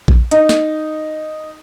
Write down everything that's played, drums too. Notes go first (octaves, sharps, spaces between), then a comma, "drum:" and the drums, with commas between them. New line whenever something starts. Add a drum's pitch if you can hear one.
drum: kick A1
D#4, drum: hi-hat
drum: snare